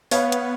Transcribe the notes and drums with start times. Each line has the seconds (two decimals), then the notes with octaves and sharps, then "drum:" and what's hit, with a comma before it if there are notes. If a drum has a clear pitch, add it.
0.11 B3 C#5 F5, drum: open hi-hat
0.32 drum: hi-hat